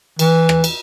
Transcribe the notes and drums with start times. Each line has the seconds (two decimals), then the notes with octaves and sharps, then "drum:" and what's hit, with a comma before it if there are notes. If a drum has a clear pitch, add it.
0.19 E3, drum: cymbal
0.49 drum: rim click
0.64 drum: cymbal